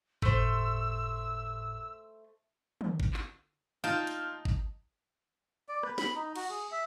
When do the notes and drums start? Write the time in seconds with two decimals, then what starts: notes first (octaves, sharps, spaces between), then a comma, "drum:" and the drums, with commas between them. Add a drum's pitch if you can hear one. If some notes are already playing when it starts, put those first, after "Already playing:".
0.22 G1 E2 A2 A3 C5 E6, drum: kick
2.81 drum: tom
3.00 drum: kick
3.13 drum: clap
3.84 D#4 F4 G5 A5
4.07 drum: hi-hat
4.45 drum: kick
5.69 D5
5.83 B4, drum: rim click
5.98 B5, drum: snare
6.16 D#4
6.36 F#4, drum: cymbal
6.50 G#4
6.72 E5